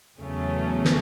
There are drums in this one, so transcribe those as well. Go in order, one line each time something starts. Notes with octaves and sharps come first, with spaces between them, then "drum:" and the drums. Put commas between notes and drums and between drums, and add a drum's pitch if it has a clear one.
E2 C#3 F#3 A3 C#4
drum: snare